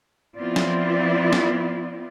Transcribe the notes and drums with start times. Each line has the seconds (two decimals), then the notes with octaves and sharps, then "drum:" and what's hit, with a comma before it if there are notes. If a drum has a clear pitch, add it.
0.37 F3 B3 C4 E4 F4 D5
0.56 drum: snare
1.33 drum: snare